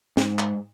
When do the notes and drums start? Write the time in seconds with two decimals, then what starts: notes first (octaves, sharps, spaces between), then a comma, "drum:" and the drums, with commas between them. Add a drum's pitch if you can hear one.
0.17 G#2, drum: snare
0.39 drum: clap